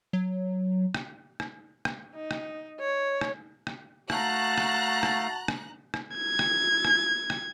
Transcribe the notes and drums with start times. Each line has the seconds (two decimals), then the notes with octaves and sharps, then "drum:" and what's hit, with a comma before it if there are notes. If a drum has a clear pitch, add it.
0.13 F#3
0.94 drum: rim click
1.40 drum: rim click
1.85 drum: rim click
2.14 D#4
2.31 drum: rim click
2.80 C#5
3.21 drum: rim click
3.67 drum: rim click
4.10 A3 F#4 F5 A5 A#5 F#6, drum: rim click
4.58 drum: rim click
5.03 drum: rim click
5.48 drum: rim click
5.94 drum: rim click
6.16 G#6
6.39 drum: rim click
6.85 drum: rim click
7.30 drum: rim click